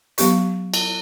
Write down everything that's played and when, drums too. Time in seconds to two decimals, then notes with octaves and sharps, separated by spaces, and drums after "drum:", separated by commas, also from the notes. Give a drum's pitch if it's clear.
0.18 F#3 B3 G4 C#6, drum: hi-hat
0.74 drum: cymbal